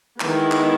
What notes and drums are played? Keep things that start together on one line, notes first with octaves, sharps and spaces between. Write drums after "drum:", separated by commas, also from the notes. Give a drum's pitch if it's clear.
D#3 G#3 B3 E4, drum: clap
drum: clap